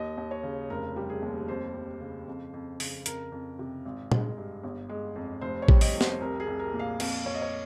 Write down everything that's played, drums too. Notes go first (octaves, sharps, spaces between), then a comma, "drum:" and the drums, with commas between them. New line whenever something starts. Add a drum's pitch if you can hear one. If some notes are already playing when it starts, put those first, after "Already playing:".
Already playing: D#2 D#5
D#2
C#5
C#3
F1 A#4
G3
G#4
D#2
F2 C5
F2
C#3
F2
F2
C#3, drum: open hi-hat
F2 A#4, drum: hi-hat
F2
C3
G#1
G#3, drum: tom A#2
G2
G1
G#3
F2
F1 C5
C#5
G3, drum: kick A1
D#5, drum: open hi-hat
F2
C5, drum: snare
C2 A#4
G#4
C2
A#4
A#2
F5
F2 F5, drum: cymbal
F2 C#5
D#5
C#5